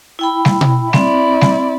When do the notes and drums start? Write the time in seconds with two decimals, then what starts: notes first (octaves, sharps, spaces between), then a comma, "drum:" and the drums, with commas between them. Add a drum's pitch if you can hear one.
0.19 E4 G5 B5
0.45 drum: snare G3
0.61 drum: tom B2
0.93 C4 E4 D5, drum: snare G3
1.41 drum: snare G3